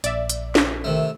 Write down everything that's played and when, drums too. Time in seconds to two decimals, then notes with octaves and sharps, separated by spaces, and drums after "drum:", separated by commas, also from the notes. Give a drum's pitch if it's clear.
0.04 A#1 D5 E5, drum: hi-hat
0.30 drum: hi-hat
0.55 drum: snare
0.84 C3 D#3 A3